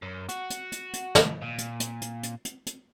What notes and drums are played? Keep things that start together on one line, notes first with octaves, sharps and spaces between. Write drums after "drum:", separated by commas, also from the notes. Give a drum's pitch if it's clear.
F#2
F#4, drum: hi-hat
drum: hi-hat
drum: hi-hat
drum: hi-hat
drum: snare
A#2
drum: hi-hat
drum: hi-hat
drum: hi-hat
drum: hi-hat
drum: hi-hat
drum: hi-hat